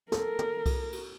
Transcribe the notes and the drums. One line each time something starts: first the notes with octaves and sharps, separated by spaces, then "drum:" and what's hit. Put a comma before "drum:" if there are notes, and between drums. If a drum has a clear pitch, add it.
A4 A#4, drum: snare
drum: tom
drum: kick C2, cymbal
drum: cymbal